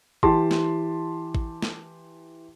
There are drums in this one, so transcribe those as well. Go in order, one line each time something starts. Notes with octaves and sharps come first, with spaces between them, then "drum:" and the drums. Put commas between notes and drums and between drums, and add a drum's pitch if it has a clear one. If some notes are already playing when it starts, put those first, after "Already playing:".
E3 G4 A5 C6, drum: kick A1
drum: snare
drum: kick A1
drum: snare